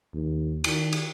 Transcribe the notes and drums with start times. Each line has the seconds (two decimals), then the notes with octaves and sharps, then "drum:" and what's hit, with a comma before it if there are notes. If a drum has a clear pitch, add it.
0.14 D#2
0.64 D#3, drum: cymbal
0.93 drum: cymbal